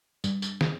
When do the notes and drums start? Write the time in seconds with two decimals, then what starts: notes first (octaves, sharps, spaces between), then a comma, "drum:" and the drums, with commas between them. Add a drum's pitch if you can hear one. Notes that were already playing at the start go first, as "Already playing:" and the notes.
0.24 G2, drum: tambourine
0.42 drum: tambourine
0.61 drum: snare